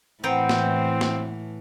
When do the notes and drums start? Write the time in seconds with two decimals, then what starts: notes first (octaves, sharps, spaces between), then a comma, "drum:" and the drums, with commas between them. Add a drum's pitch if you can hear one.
0.24 A2 E3 B3 C4 G5 A#5
0.49 drum: snare
1.01 drum: snare